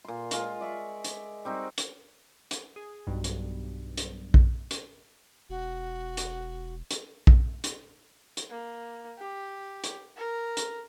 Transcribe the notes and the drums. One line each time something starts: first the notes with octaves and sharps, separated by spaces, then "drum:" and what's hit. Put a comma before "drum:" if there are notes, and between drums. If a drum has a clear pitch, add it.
A#2 C6
G#3 F4, drum: hi-hat
D5 E5 C#6
drum: hi-hat
G3 C4 D#4 F#4
drum: hi-hat
drum: hi-hat
G#4
B1 G2
drum: hi-hat
drum: hi-hat
drum: kick A#1
drum: hi-hat
E1 F#4
drum: hi-hat
drum: hi-hat
drum: kick A#1
drum: hi-hat
drum: hi-hat
A#3
G4
drum: hi-hat
A#4
drum: hi-hat